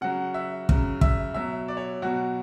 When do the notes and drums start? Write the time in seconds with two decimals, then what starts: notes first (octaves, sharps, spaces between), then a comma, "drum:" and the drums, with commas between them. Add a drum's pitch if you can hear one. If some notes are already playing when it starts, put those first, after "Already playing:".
0.01 C#3 F#3 F#5
0.34 E5
0.69 C#3 F#3, drum: kick
1.01 E5, drum: kick
1.34 B2 F#3 E5
1.68 D5
1.77 C#5
2.02 B2 F#3 F#4